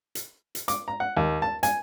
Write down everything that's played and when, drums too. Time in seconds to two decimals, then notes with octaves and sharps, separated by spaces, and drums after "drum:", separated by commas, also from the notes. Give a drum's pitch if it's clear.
0.15 drum: hi-hat
0.55 drum: hi-hat
0.68 D6, drum: hi-hat
0.88 A#5
1.00 F#5
1.17 D#2
1.42 A5
1.63 G#5, drum: hi-hat